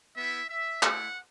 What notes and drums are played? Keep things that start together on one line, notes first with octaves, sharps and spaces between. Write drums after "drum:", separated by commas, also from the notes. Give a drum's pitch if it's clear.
B3 E4 E5
E5
A3 E4 F#5, drum: clap